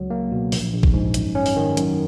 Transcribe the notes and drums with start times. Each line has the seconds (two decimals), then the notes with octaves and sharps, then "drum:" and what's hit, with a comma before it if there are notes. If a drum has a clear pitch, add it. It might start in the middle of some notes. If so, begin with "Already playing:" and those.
Already playing: C#2 F#3
0.10 A#3
0.31 B2
0.52 A#1, drum: open hi-hat
0.72 A#1
0.83 drum: kick
0.93 G#2
1.14 F#2, drum: hi-hat
1.35 C#4
1.46 drum: open hi-hat
1.56 D#3
1.77 F#2, drum: hi-hat